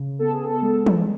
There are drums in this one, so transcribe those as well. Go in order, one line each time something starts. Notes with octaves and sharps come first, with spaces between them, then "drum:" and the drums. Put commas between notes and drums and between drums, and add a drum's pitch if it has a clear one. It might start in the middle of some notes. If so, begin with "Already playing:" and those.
Already playing: C#3
B3 A4
G#4
A4
G#3
drum: tom E3